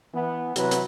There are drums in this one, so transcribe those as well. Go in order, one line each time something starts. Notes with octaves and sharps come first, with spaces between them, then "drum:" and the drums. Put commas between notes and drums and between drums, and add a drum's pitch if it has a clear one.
E3 B3
C3 E3 F#3 F#4 B4, drum: hi-hat
drum: hi-hat